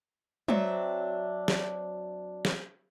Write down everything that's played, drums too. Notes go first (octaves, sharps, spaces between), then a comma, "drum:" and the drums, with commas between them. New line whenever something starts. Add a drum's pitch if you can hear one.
F#3 C4 D4 E5, drum: tom
drum: snare
drum: snare